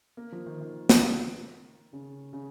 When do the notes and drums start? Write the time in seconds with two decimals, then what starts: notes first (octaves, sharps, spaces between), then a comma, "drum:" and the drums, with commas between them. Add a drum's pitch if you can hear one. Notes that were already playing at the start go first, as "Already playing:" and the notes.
0.17 A#3
0.32 F3
0.46 D#3
0.61 D#3
0.89 drum: snare
1.93 C#3
2.33 C#3